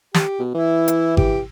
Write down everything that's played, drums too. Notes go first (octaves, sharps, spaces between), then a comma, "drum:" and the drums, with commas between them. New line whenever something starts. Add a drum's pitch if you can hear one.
G4, drum: snare
B2
E3 E4
drum: hi-hat
G4, drum: kick G#1